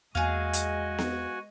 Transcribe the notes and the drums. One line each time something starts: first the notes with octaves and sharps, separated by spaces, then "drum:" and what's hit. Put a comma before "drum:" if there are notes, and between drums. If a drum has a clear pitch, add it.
E2 G#3 A#3 F#4 G#4 D#5 F5 G#5
drum: hi-hat
drum: snare B3